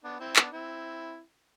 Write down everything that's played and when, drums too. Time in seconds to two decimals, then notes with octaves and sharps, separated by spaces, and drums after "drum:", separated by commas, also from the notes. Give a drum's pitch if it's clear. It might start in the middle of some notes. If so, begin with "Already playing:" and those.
0.04 B3 D4
0.20 C4 E4
0.36 B3 D4, drum: clap
0.53 C4 E4